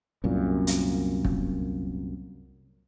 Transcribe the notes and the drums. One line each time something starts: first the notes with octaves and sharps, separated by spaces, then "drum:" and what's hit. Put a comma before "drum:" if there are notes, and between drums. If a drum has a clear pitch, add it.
C2 F#2 A#2
drum: hi-hat
drum: kick